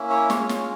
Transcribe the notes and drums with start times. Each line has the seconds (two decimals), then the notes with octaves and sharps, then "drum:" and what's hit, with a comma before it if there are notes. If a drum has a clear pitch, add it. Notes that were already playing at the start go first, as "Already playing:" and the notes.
Already playing: A#3 C#4 E4
0.10 C#5
0.30 G#3 C#4 F4 C#5, drum: snare
0.49 drum: snare